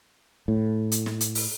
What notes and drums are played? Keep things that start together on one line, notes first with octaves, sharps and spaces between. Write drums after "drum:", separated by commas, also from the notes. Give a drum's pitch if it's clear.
A2
drum: hi-hat
drum: snare
drum: hi-hat
drum: open hi-hat